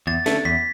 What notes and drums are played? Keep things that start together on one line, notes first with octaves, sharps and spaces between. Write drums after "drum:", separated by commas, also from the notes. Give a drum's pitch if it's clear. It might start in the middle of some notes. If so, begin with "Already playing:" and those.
E2 A6
D3 A3, drum: snare
E2 B6